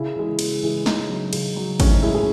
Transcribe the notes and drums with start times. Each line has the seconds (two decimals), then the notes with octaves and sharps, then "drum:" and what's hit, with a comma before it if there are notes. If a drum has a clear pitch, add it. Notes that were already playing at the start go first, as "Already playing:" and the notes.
Already playing: C#3 E4
0.16 E3 G#3
0.39 C#3, drum: cymbal
0.63 E3 G#3
0.86 C#3 D#4, drum: snare
1.09 F#3
1.33 C#3, drum: cymbal
1.56 F#3
1.80 A2 C#4, drum: kick G#1, cymbal
1.91 D#4
2.03 G#3 E4
2.15 G#4